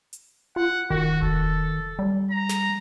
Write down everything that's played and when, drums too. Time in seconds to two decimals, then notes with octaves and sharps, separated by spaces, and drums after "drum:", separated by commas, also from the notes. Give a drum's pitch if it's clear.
0.13 drum: hi-hat
0.56 F4 F#5
0.90 D#3 F#4, drum: kick E1
1.22 A4, drum: kick E1
1.99 G3
2.30 A#5
2.49 drum: snare